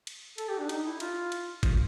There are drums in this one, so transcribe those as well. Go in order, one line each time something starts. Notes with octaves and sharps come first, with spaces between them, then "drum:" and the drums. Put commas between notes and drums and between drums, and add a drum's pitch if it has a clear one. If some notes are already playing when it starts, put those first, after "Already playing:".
drum: cymbal
A4, drum: cymbal
G4
D4
D#4, drum: cymbal
E4
F4, drum: cymbal
drum: cymbal
F4, drum: kick G1, cymbal